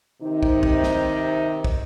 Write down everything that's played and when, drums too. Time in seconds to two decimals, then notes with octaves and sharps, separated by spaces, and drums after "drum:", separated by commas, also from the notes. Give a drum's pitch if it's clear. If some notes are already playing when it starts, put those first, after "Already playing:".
0.22 C3 D#3 D#4
0.43 drum: kick
0.63 drum: kick
0.83 drum: snare
1.64 drum: kick